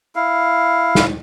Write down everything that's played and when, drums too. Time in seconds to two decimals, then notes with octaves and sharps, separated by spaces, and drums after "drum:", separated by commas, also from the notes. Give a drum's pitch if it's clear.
0.16 E4 F5
0.95 drum: snare